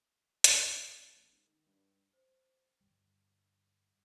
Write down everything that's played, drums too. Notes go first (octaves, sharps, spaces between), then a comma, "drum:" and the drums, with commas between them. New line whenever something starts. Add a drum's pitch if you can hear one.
drum: hi-hat
B1
A1
G#2
D#3
G2
C5
G2 D3 G3